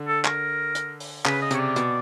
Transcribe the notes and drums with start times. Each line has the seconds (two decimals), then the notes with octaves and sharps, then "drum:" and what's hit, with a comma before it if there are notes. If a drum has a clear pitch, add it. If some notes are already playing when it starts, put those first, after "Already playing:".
Already playing: D3
0.08 A4
0.25 A#4, drum: clap
0.75 drum: hi-hat
1.00 drum: open hi-hat
1.25 C#3 B4, drum: clap
1.42 D#5
1.51 C3 C#5, drum: hi-hat
1.59 D5
1.76 B2, drum: hi-hat